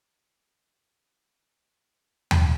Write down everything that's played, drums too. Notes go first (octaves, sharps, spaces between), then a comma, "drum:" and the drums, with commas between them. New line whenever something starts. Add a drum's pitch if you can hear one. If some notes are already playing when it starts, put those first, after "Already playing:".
D#3 E3 F#4
B4 C#5
drum: tom D#2